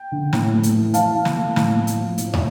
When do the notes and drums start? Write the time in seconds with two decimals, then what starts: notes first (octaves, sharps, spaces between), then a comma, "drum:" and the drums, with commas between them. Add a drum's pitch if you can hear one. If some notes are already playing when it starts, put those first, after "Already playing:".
Already playing: G5
0.12 D3
0.33 A2, drum: snare
0.54 A3
0.63 drum: hi-hat
0.73 E3
0.94 E3 F5 A5, drum: hi-hat
1.15 E3
1.25 drum: snare
1.36 A3
1.56 A2, drum: snare
1.77 A3
1.87 drum: hi-hat
1.98 F3
2.18 A2, drum: hi-hat
2.33 drum: tom